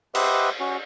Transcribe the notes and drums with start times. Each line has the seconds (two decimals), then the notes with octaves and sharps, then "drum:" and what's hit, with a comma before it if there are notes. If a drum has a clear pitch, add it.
0.15 G4 B4 C5 D#5 E5 F#5, drum: cymbal
0.60 C#4 F#4